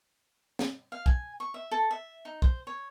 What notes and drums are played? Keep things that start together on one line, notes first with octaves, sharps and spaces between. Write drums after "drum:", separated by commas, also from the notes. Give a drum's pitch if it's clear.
drum: snare
F5
G#5, drum: kick
C#6
E5
A4
E5
D#4
C5, drum: kick
C#5